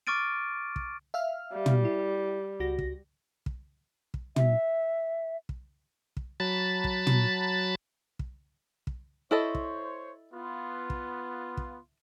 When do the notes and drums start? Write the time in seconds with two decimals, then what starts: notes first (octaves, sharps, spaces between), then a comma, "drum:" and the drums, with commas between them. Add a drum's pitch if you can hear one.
0.07 C#6 D6 F6 A6 D7 D#7
0.76 drum: kick
1.14 E5 F5 F6
1.52 G3
1.66 drum: tom
1.85 E4
2.60 C#2 F#4 A#6
2.79 drum: kick
3.46 drum: kick
4.14 drum: kick
4.36 E5, drum: tom
5.49 drum: kick
6.17 drum: kick
6.40 F#3 A5 B5 A6
6.84 drum: kick
7.07 drum: tom
8.19 drum: kick
8.87 drum: kick
9.31 E4 A4 C5 C#5 D#5
9.55 drum: kick
10.33 B3 F4
10.90 drum: kick
11.57 drum: kick